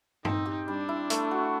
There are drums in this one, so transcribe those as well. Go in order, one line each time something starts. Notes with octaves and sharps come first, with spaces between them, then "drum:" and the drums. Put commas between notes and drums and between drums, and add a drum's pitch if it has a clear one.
C4 D#4, drum: tom G2
G4
G3 D4
E4
A3, drum: hi-hat
F#4